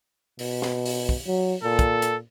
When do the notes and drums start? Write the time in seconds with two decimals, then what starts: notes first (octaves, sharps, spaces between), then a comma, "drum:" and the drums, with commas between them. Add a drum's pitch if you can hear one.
0.39 B2, drum: open hi-hat
0.62 drum: snare
0.86 drum: open hi-hat
1.09 drum: kick
1.27 F#3
1.63 A#2 A4
1.79 drum: kick, hi-hat
2.02 drum: hi-hat